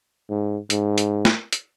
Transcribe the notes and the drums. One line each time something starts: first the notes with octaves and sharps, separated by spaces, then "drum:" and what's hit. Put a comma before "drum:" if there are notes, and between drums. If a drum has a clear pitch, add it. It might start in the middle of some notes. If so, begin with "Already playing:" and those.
G#2
G#2, drum: hi-hat
drum: hi-hat
drum: snare
drum: hi-hat